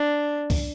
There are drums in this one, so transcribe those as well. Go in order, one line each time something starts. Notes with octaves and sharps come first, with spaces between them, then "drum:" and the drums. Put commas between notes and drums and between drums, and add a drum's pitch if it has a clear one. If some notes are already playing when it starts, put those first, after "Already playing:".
Already playing: D4
drum: kick C2, open hi-hat